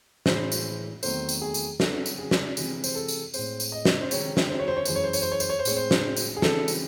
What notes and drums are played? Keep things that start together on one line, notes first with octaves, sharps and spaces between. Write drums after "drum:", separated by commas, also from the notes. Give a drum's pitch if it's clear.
A2 E3 G#3 C5, drum: snare
drum: tambourine
E2 D#3 F#3 A3 C4 C5, drum: tambourine
drum: tambourine
G#4
drum: tambourine
C#3 F#3 C4 A4, drum: snare
drum: tambourine
G#4
drum: snare
C3 E3 G#3 C4 G#4, drum: tambourine
C5, drum: tambourine
A4
drum: tambourine
A2 G#3 C4 C5, drum: tambourine
drum: tambourine
D#5
drum: snare
C5
C3 D#3 G#3 C4 C#5, drum: tambourine
drum: snare
C5
C#5
C5
C#5
F#2 E3 G#3 C5, drum: tambourine
C#5
C5
C#5, drum: tambourine
C5
C#5
C5, drum: tambourine
C#5
C5
A2 G#3 C4 C#5, drum: tambourine
C5
drum: snare
drum: tambourine
G#4
C#3 E3 G#3 C4 A4, drum: snare
drum: tambourine